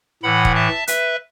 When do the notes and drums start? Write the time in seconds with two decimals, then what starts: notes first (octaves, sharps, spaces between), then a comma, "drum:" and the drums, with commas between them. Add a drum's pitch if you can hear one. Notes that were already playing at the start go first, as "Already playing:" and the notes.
0.23 A2 E3 F#5 B5
0.45 drum: kick
0.55 E5 A5
0.87 B4 E5, drum: hi-hat